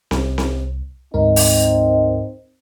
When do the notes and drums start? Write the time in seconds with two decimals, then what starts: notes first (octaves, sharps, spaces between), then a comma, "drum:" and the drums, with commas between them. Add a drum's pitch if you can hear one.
0.11 C2, drum: snare C4
0.38 drum: snare C4
1.14 D2 G#2 C4 D#4 A#4
1.36 drum: open hi-hat